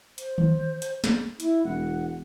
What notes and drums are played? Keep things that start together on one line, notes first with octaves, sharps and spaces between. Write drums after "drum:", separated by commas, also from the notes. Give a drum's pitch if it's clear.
C5, drum: hi-hat
drum: tom D#3
drum: hi-hat
drum: snare
E4, drum: hi-hat
E1 F#5